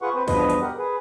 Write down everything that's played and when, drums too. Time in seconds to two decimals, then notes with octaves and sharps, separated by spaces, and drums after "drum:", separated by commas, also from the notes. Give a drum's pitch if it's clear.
0.02 F4 G#4 B4 F#5 C#6
0.15 C4 B4 C5
0.28 E2 G2 B2 F3 B4 D#5, drum: kick, open hi-hat
0.50 drum: hi-hat
0.61 G4 A#4 F#5
0.78 G#4 B4